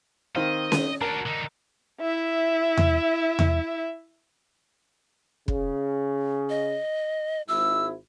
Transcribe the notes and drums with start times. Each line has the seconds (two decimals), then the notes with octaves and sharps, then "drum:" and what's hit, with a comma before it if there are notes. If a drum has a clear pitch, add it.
0.35 D#3 C4 D#5 F5
0.72 drum: snare C#4
1.01 D4 F#4 A#4 A5
1.26 D3 D#4
2.01 E4 E5
2.77 drum: tom E2
3.39 drum: tom E2
5.48 C#3, drum: kick
6.50 D#5
7.48 G#1 G#2 E4 E6